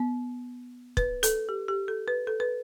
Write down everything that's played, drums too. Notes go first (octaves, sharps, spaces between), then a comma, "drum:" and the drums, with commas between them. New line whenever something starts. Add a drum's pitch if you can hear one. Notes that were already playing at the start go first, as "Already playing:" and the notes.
Already playing: B3
B4, drum: kick
A4, drum: hi-hat
G4
G4
A4
B4
A4
B4